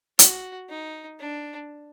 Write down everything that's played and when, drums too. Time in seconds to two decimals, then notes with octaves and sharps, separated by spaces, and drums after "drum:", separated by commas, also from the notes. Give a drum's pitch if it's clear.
0.19 F#4, drum: hi-hat
0.70 D#4
1.20 D4